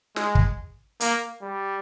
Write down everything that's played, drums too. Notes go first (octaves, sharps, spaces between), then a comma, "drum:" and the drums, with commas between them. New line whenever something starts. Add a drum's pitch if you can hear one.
G#3, drum: snare
drum: kick
A#3, drum: hi-hat
G3